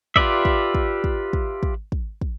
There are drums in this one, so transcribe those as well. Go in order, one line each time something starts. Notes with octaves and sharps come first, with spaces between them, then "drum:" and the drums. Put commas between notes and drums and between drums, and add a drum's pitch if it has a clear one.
F4 G4 B4 D5 E5, drum: kick
drum: kick
drum: kick
drum: kick
drum: kick
drum: kick
drum: kick
drum: kick